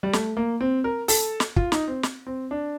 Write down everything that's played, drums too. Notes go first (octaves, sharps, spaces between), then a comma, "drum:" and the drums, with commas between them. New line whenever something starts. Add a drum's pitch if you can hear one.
G3
A3, drum: snare
A#3
C4
A#4
A4, drum: open hi-hat
drum: snare
F4, drum: kick
D#4, drum: snare
C4
drum: snare
C4
D4